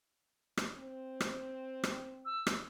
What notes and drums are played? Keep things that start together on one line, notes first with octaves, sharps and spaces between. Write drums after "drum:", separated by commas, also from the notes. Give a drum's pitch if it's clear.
drum: rim click
C4
drum: rim click
drum: rim click
E6
drum: rim click